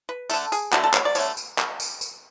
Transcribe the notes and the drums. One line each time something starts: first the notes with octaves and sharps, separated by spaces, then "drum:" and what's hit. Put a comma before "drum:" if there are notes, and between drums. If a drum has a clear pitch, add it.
B4
D3 A3 A4, drum: tambourine
G#4, drum: tambourine
D3 A3 F#4, drum: clap
A4
C#5, drum: clap
D5
D3 A3 C#5, drum: tambourine
drum: tambourine
drum: clap
drum: tambourine
drum: tambourine